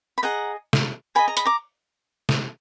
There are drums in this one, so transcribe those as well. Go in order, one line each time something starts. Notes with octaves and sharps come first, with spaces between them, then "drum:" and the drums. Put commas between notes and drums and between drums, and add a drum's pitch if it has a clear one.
B5
G#4 D#5 F#5 A#5
drum: snare
G#4 D#5 G#5 B5
A#5
B5, drum: hi-hat
A#5 D6
drum: snare